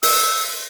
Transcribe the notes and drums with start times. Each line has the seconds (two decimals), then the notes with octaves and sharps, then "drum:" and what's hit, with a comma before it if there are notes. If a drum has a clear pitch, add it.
0.03 E6, drum: open hi-hat